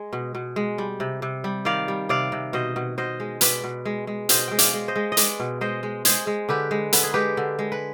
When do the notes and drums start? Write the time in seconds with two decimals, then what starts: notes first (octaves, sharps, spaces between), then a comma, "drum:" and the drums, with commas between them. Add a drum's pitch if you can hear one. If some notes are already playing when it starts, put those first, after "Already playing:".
Already playing: G#3
0.13 B2
0.35 B2
0.56 G#3
0.78 G3
1.00 C3
1.22 C3
1.44 G3
1.65 D#3 D5 F5
1.88 G3
2.09 C3 D5 F5
2.32 C3
2.53 B2 C5 D#5
2.76 B2
2.98 B2 C5 D#5
3.20 G#3
3.41 B2 B4 D5, drum: hi-hat
3.64 B2
3.85 G#3
4.07 G#3
4.29 B2 C5 D#5, drum: hi-hat
4.48 G#3 G5
4.59 D5 F5, drum: hi-hat
4.74 G#3
4.88 C5 D#5
4.96 G#3
5.12 D#5
5.17 G#3 B4 D5, drum: hi-hat
5.40 B2
5.61 G#3 C5 D#5
5.83 G#3
6.05 G#3 G#4 C5, drum: hi-hat
6.27 G#3
6.49 D3 G4 B4
6.71 G#3
6.93 D3 B4, drum: hi-hat
7.03 G#4
7.14 G#3 G4 B4
7.37 D3
7.59 G#3
7.72 B4